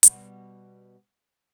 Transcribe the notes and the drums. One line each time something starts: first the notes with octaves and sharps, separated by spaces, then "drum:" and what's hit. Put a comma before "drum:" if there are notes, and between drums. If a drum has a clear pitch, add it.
B2 G3 B3, drum: hi-hat